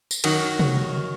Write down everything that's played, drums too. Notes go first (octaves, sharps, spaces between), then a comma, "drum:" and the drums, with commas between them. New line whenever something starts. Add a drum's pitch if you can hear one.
drum: tambourine
F#2 D#3 F#3, drum: cymbal
drum: tom C3